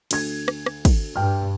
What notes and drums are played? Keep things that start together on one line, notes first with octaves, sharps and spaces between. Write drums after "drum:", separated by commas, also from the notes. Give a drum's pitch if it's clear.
D2 G#6, drum: cymbal
drum: rim click
drum: rim click
drum: kick, cymbal
G2 G5 F6